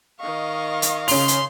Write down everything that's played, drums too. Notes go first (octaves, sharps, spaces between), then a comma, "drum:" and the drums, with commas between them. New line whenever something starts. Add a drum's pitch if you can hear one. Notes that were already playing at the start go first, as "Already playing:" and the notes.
D#3 D#5 F5 C#6
drum: hi-hat
C#3 C6 F7, drum: open hi-hat
drum: hi-hat